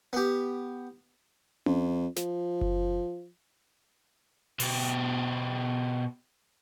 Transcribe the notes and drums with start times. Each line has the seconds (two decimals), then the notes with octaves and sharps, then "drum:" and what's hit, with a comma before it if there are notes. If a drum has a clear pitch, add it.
0.13 B3 G4
1.66 F2, drum: tom C#4
2.16 F3, drum: snare
2.61 drum: kick F#1
4.60 B2 G4, drum: open hi-hat